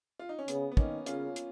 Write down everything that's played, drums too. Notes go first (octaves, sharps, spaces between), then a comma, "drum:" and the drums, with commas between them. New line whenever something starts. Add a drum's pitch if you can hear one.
F4
D#4
C#4
C#3 B3, drum: hi-hat
B3
D#3 A#3 C#4, drum: kick
C#3 C#4 F4, drum: hi-hat
drum: hi-hat